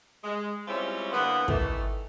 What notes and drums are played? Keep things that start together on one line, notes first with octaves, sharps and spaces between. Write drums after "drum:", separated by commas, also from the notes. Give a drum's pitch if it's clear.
G#3
G3 G#3 C4 C#4 E4 F4
D3 E3 A#3 B3
D#3 E3 A3, drum: kick